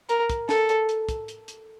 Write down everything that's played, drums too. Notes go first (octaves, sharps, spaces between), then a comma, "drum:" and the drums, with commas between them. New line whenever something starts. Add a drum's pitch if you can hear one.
A#4, drum: hi-hat
drum: kick, hi-hat
A4, drum: snare
drum: hi-hat
drum: hi-hat
drum: kick, hi-hat
drum: hi-hat
drum: hi-hat